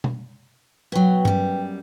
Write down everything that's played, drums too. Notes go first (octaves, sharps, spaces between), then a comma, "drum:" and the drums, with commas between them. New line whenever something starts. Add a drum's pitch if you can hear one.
drum: tom B2
B2 F#3 B4 G5
F#2 G3, drum: tom G2